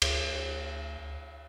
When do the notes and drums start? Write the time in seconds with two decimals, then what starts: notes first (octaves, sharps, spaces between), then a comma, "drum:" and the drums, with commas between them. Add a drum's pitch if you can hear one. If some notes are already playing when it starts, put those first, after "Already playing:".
0.02 D2, drum: cymbal